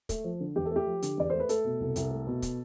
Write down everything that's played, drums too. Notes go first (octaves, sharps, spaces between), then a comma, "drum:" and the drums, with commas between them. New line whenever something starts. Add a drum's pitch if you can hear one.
A3, drum: kick, hi-hat
F3
D3
E2 G4
A4
A3 G4
F3
D3, drum: hi-hat
E2 D5
A3 C5
B4
A3 A4, drum: hi-hat
B2
C2
C2, drum: hi-hat
A3
B2
drum: kick, hi-hat